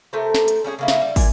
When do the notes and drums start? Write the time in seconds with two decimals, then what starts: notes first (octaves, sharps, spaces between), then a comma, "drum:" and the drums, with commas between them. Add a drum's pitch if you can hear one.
0.13 C3 A3 A#4 C5
0.34 drum: snare
0.48 drum: hi-hat
0.64 G3 C#4 F4 G#4
0.79 C#3 A#3 E4
0.88 drum: snare
1.02 G3
1.16 A#2 G#5, drum: kick, open hi-hat